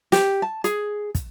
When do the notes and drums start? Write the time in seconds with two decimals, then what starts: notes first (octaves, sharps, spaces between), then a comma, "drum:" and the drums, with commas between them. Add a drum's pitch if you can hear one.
0.12 G4, drum: snare
0.42 A5
0.64 G#4, drum: hi-hat
1.15 drum: kick, hi-hat